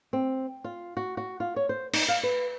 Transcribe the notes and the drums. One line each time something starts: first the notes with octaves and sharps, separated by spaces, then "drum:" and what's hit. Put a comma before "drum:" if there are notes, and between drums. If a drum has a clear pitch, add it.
C4
F4
F#4
F#4
F4
C#5
C5
D#4, drum: cymbal
F5
B4